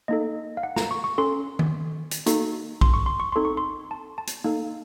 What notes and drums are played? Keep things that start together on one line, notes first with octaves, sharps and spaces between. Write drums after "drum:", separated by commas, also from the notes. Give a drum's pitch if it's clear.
A#3 D#4 A4 D#5
F5
F#5
A#5, drum: snare
C#6
C#6
C#4 A4 C6
drum: tom D#3
drum: hi-hat
A#3 D#4 F#4 A4, drum: hi-hat
C6, drum: kick
C#6
C6
C#6
C4 D#4 A4 C6
C#6
C6
A5
A5
drum: hi-hat
A#3 D#4 A4 F5